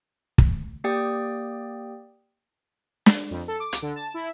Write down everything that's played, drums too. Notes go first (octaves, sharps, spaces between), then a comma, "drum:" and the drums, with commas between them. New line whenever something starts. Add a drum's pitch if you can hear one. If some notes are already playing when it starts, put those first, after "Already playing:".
drum: kick
A#3 G4 D5 G5 D#6
drum: snare
F2
A4
D6
drum: hi-hat
D3
A5
E4